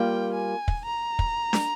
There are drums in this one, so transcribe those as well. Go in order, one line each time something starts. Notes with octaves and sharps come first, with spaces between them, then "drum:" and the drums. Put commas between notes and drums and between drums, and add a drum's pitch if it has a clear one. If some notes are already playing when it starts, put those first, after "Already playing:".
Already playing: G3 A#3 F4 G5
G#5
drum: kick
A#5
drum: kick
drum: snare